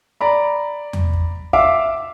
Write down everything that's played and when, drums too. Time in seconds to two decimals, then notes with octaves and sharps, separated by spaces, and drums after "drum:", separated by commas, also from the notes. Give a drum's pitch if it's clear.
0.21 D5 A#5 B5
0.93 drum: tom E2
1.13 drum: kick
1.53 E5 F5 D6 E6, drum: kick